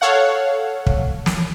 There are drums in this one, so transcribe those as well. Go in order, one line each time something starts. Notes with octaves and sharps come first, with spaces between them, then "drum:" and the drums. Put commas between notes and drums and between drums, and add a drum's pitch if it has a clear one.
A4 C#5 F5 F#5
drum: kick
drum: snare